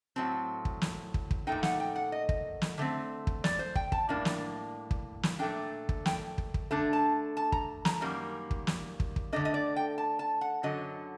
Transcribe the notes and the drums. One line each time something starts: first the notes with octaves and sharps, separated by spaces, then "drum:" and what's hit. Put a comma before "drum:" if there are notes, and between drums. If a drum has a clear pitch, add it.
A2 F#3 C4 A5
drum: kick
drum: snare
drum: kick
drum: kick
A#2 A3 D#4 G5
F#5, drum: snare
G5
F#5
D#5
drum: kick
drum: snare
D3 A3 C4
drum: kick
D5, drum: snare
C5
G5, drum: kick
A5, drum: kick
A2 G3 A#3 D4
drum: snare
drum: kick
drum: snare
A#2 A3 D4 G5
drum: kick
G5, drum: snare
drum: kick
drum: kick
D3 A3 D4 A5
A5
A5
A#5, drum: kick
A#5, drum: snare
F#2 D#3 G3 A#3
drum: kick
drum: snare
drum: kick
drum: kick
D3 A3 D4 D#5
D#5
D5
G5
A5
A5
F#5
F#2 D3 F#3 D#5